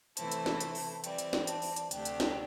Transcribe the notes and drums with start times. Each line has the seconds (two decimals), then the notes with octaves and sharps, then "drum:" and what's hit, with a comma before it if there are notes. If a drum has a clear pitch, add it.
0.17 C3 E3 A3 E4 C5 A5, drum: hi-hat
0.32 drum: hi-hat
0.46 drum: snare
0.61 drum: hi-hat
0.75 drum: open hi-hat
0.93 A5
1.04 E3 G3 C4 G5, drum: hi-hat
1.18 drum: hi-hat
1.33 drum: snare
1.47 A5, drum: hi-hat
1.62 drum: open hi-hat
1.76 drum: hi-hat
1.91 D2 C3 A3 D4 G4 G5, drum: hi-hat
2.05 drum: hi-hat
2.20 drum: snare